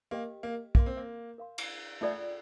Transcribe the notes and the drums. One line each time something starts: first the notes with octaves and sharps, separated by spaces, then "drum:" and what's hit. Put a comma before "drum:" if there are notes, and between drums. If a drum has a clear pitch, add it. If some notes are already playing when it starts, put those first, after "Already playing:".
A#3 G4 A#4 D#5 G5
A#3
A#3 A#4 F5 C6, drum: kick
C4
A#3
A#4 F5 C6
drum: cymbal
A3 F4 A4 D5 G5